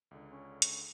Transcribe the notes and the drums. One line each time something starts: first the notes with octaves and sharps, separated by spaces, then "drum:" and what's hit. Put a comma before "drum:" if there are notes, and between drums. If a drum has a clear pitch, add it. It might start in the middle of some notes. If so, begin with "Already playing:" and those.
C#2 D3
C#4
drum: hi-hat